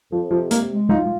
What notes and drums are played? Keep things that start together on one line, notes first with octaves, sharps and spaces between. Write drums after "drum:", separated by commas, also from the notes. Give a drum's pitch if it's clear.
F2 F3
C3 F3
G#3 A#3, drum: hi-hat
G#3
D#4 F4, drum: tom G#3